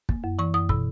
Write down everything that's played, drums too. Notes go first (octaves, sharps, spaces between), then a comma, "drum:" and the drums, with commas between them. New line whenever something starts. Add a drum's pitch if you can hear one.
A#3, drum: kick
F#2
E3 C#6
F#2 D#6
B2 E6, drum: kick